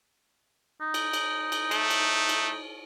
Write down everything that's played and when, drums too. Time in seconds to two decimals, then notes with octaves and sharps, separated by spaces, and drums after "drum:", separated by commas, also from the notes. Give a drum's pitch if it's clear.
0.81 D#4
0.94 drum: cymbal
1.13 drum: cymbal
1.52 drum: cymbal
1.71 A3, drum: cymbal
1.90 drum: cymbal
2.29 drum: cymbal